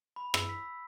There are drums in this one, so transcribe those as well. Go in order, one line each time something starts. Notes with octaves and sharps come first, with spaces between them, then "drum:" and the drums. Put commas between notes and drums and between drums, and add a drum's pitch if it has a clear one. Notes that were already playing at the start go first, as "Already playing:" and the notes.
B5
E6, drum: rim click
B6